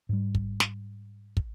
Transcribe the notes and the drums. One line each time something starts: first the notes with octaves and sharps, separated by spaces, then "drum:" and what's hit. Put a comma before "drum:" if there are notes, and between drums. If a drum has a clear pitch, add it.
G#2 G3
drum: kick
drum: snare
drum: kick